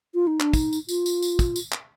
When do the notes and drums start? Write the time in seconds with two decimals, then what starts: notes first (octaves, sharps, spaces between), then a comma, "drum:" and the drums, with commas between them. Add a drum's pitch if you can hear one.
0.14 F4
0.27 D#4
0.40 D4, drum: clap
0.53 D#4, drum: kick, tambourine
0.73 drum: tambourine
0.89 F4, drum: tambourine
1.06 drum: tambourine
1.22 drum: tambourine
1.39 drum: kick, tambourine
1.56 drum: tambourine
1.72 drum: clap